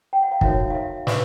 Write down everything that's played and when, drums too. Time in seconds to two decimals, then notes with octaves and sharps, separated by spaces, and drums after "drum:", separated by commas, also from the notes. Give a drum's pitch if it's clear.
0.13 G5
0.23 F#5
0.32 F5
0.41 D#4 F#4 A#4 C#5 E5, drum: kick
0.70 F5
0.75 E5
1.07 G4 B4 E5, drum: snare